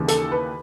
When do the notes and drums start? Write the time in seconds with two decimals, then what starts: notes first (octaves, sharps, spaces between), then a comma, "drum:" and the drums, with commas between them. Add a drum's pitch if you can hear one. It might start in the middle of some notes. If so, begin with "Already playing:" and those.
Already playing: D#2 C#3 E3
0.08 A4, drum: hi-hat
0.32 B4